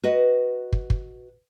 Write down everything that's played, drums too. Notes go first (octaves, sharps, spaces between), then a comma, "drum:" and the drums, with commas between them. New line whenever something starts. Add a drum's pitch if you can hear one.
F#4 B4 D#5
drum: kick
drum: kick